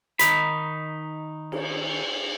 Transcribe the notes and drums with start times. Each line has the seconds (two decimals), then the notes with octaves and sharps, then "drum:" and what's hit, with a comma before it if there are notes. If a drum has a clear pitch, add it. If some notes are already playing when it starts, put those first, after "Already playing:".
0.19 D#3 D#4 B5, drum: hi-hat
1.52 drum: cymbal